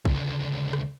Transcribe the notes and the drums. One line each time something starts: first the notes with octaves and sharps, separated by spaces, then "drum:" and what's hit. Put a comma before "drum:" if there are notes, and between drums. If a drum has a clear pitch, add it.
C#2 D3, drum: kick A#1
drum: rim click